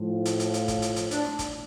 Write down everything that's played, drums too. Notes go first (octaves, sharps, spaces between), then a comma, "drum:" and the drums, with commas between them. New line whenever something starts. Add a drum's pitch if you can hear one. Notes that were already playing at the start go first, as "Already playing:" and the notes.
Already playing: A2 F3
drum: hi-hat
drum: hi-hat
drum: hi-hat
drum: kick, hi-hat
drum: hi-hat
drum: hi-hat
D4, drum: hi-hat
drum: snare
drum: kick, hi-hat